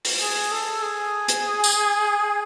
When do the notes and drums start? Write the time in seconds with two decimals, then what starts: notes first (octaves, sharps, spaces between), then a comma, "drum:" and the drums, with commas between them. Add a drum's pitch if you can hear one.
0.05 drum: open hi-hat
0.20 G#4
0.52 A4
0.83 G#4
1.28 drum: hi-hat
1.64 drum: tambourine